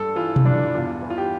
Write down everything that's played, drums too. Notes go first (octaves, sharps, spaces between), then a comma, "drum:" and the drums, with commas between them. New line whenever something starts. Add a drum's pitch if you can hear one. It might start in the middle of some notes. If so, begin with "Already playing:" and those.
Already playing: G2 A4
E3 F4
drum: tom B2
G2 D4
E2 F4
E3
F4
G4